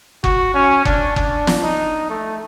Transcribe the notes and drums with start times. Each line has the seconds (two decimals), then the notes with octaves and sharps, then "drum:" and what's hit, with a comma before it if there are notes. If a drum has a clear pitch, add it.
0.24 F#4, drum: kick F#1
0.54 C#4
0.85 D4, drum: kick F#1
1.16 D4, drum: kick F#1
1.47 drum: snare
1.63 D#4
2.10 A3